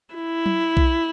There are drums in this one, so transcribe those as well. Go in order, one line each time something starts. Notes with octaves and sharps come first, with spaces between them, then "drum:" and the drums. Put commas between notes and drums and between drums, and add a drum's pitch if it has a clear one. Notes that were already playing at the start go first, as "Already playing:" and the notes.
E4
drum: tom F#3
drum: kick B1